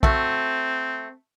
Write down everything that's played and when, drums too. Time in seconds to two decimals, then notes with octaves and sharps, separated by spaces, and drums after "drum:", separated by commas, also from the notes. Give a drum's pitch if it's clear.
0.03 A3 C4 F#4, drum: kick